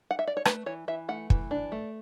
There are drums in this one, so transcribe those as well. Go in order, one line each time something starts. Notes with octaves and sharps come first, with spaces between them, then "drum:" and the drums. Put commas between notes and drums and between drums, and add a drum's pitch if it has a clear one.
F#5
E5
D5
C#5
A3 B4, drum: rim click
E3 C#5
E3 E5
A3 F#5
E3, drum: kick
D4
A3